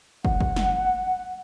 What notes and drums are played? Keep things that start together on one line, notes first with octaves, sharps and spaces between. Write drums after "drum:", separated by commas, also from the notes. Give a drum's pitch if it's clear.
F#5, drum: kick
drum: kick
drum: snare